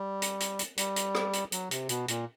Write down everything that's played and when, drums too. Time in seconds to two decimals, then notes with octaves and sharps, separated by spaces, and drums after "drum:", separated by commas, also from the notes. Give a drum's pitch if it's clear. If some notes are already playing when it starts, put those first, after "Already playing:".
Already playing: G3
0.22 drum: hi-hat
0.40 drum: hi-hat
0.59 drum: hi-hat
0.77 G3, drum: hi-hat
0.96 drum: hi-hat
1.15 drum: rim click
1.33 drum: hi-hat
1.52 F#3, drum: hi-hat
1.71 C3, drum: hi-hat
1.89 B2, drum: hi-hat
2.08 A#2, drum: hi-hat